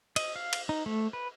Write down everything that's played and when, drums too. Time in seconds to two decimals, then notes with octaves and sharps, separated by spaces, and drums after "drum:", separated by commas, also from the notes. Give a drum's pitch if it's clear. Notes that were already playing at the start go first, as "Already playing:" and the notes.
0.16 D#5, drum: cymbal
0.36 F5
0.53 drum: cymbal
0.69 D#4
0.86 A3
1.13 B4